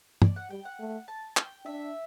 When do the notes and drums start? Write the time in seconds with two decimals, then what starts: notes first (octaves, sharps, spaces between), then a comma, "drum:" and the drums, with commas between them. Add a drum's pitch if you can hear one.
0.22 D5, drum: tom
0.36 F#5
0.50 G3 G5
0.65 F#5
0.80 A3
1.08 A5
1.37 G5, drum: clap
1.65 D4 E5